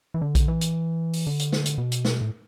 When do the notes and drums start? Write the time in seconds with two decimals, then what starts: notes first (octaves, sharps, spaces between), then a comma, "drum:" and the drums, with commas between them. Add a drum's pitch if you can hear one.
0.14 E3
0.22 D3
0.35 drum: kick A#1, hi-hat
0.48 E3
0.61 drum: hi-hat
1.13 drum: open hi-hat
1.27 D3
1.39 drum: hi-hat
1.52 drum: snare
1.66 drum: hi-hat
1.78 B2
1.92 drum: hi-hat
2.05 drum: snare
2.21 A2